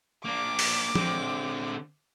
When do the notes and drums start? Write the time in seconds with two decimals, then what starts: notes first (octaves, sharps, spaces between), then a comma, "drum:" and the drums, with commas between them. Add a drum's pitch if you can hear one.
0.25 A#3 D4 D6
0.59 drum: open hi-hat
0.95 D3 C4, drum: tom